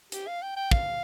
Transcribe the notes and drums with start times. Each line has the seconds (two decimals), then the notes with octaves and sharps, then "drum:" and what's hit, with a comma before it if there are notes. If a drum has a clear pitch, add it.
0.12 G4, drum: hi-hat
0.27 F5
0.42 G5
0.56 G5
0.71 F5, drum: kick